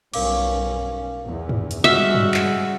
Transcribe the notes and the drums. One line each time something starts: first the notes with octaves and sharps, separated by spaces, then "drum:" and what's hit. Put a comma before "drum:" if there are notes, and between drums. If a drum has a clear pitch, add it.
B1 G2 C#4 A#4 F5 D6, drum: cymbal
E2
drum: tom
drum: hi-hat
C#3 G3 G#3 F#4 E5 E6 F6
drum: tom
drum: clap